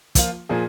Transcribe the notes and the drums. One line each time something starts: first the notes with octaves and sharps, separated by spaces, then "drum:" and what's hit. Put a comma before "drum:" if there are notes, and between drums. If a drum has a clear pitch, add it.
F3 A#3 F4, drum: kick, hi-hat
A#2 F3 A#3 G#4